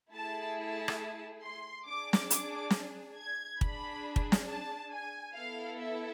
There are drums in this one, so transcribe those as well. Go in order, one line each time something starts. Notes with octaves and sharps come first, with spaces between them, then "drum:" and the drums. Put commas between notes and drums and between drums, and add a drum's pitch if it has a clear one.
A3 E4 G#4 A5
A5
drum: rim click
C6
D4 G#4 D6
drum: snare
D6, drum: hi-hat
drum: snare
G#6
D4 G#4 B5, drum: kick
drum: kick
drum: snare
A5
G#5
B3 E4 A4 F5
E5